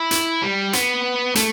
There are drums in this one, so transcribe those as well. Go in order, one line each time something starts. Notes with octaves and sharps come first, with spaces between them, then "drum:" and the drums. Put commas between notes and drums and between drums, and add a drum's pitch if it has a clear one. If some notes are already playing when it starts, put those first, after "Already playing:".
Already playing: E4
drum: hi-hat
G3
B3, drum: hi-hat
A3, drum: hi-hat